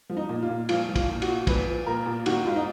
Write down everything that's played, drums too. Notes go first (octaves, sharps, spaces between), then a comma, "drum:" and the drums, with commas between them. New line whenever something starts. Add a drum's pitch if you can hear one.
F3
D#4
A#2
F4
A#2
F3 F4, drum: cymbal
F3
F4, drum: kick, cymbal
A#2
F#4, drum: cymbal
A#2
F3 B4, drum: kick, cymbal
F3
A#2 A#4
A#2
D#3 F#4, drum: cymbal
G#2 F4
D#4